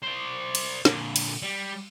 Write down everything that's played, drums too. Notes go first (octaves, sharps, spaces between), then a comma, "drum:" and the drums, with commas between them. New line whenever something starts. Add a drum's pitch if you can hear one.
C5 D5
drum: cymbal
A#2 D3, drum: snare
drum: cymbal
G3